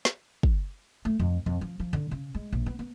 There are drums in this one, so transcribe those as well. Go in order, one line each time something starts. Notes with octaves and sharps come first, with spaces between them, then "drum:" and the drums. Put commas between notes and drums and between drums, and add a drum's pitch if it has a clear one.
drum: snare
drum: kick
A3
F2
F2
F3
F3
D3
C#3
G#3
A#1
B3
B3